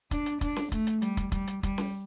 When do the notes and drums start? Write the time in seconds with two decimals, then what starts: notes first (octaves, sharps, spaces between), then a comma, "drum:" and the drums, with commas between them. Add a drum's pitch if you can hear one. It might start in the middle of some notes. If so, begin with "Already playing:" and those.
0.11 D4, drum: kick, hi-hat
0.26 drum: hi-hat
0.41 D4, drum: kick, hi-hat
0.56 drum: snare C#4
0.72 A3, drum: kick, hi-hat
0.87 drum: hi-hat
1.02 G3, drum: hi-hat
1.17 drum: kick, hi-hat
1.32 G3, drum: kick, hi-hat
1.47 drum: hi-hat
1.63 G3, drum: kick, hi-hat
1.78 drum: snare C#4